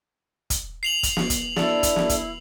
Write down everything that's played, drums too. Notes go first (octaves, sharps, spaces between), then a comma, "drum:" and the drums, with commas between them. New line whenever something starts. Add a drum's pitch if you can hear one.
drum: kick, hi-hat
C7 F7 F#7
drum: kick, hi-hat
drum: snare
drum: kick, hi-hat
D4 E4 A4, drum: snare
drum: kick, hi-hat
drum: snare
drum: kick, hi-hat